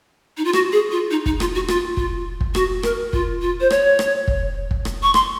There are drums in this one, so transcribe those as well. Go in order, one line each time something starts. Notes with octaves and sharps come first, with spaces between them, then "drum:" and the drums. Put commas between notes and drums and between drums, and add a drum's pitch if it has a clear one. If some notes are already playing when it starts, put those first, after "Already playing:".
D#4
F4
F#4, drum: rim click
G#4
F4
D#4
D#4, drum: kick
F4, drum: rim click
F#4
F4, drum: rim click
F4, drum: kick
drum: kick
F#4, drum: rim click
A#4, drum: rim click
F4, drum: kick
F4
C5
C#5, drum: rim click
drum: rim click
drum: kick
drum: kick
drum: rim click
C#6
C6, drum: rim click